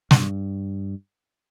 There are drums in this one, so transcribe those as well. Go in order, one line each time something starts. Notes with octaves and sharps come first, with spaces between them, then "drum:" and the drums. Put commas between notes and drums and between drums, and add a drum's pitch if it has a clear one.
G2, drum: snare